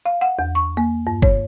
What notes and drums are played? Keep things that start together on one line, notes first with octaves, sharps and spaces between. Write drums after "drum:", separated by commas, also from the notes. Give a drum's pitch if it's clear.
F5
F#5
E2
C#6
A#3
G2
C#5, drum: kick